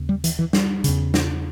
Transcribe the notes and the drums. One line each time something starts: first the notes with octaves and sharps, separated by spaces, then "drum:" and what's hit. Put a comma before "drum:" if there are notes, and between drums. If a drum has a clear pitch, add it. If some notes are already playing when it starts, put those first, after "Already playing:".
Already playing: D#2 C#3
G3
E3, drum: hi-hat
E3
G3, drum: snare
E2 C#3, drum: hi-hat
drum: snare